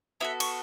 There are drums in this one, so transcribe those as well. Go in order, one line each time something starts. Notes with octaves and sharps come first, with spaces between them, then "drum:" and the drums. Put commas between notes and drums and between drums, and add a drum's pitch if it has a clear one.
B3 F#4 A4 E5
C#6, drum: cymbal